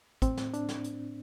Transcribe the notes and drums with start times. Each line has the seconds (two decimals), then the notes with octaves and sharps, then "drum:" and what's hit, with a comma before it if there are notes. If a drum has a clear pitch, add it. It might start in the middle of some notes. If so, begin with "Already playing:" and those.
0.22 A2 C4, drum: kick, hi-hat
0.37 drum: snare
0.54 D4, drum: hi-hat
0.69 drum: snare
0.84 drum: hi-hat